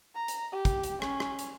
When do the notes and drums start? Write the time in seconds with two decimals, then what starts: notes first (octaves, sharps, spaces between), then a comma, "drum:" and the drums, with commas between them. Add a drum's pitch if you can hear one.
0.15 A#5
0.28 drum: hi-hat
0.52 G4
0.65 drum: kick, hi-hat
0.84 drum: hi-hat
1.02 C#4, drum: rim click
1.20 drum: rim click
1.39 drum: hi-hat